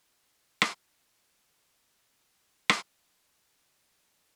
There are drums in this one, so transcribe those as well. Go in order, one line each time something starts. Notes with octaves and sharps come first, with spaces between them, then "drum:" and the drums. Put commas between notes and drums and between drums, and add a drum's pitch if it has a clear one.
E4 G5
drum: rim click
D5
drum: rim click
G#6 C#7
C#4 E4 G4
C6 D6 E6 F6
E4 F#4
D4 G4